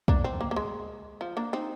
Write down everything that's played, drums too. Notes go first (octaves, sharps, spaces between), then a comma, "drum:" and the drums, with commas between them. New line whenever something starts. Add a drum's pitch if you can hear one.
A#3 D4, drum: kick
C4
A#3
A#3
G#3
F3
A#3 D4
C4 D#4